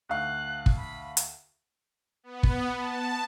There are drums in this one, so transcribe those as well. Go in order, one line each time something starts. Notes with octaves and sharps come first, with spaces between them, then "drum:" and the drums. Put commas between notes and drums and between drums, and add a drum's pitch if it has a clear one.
D2 F5 F#6
drum: kick
B5
drum: hi-hat
B3
drum: kick
A5